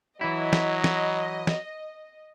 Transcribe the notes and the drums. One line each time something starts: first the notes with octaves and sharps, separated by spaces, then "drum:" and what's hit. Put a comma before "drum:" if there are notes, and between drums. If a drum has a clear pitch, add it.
E3 F#3 E4 D#5
drum: snare
drum: snare
drum: snare